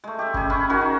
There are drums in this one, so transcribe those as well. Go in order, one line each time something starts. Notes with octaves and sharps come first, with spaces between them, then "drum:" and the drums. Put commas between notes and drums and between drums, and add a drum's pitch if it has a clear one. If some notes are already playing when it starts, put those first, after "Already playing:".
G#3 A3
G4 E5
C#3 G#4, drum: kick G1
C#4 B5 C#6
D#3 F#4 G#4 A#4
D#4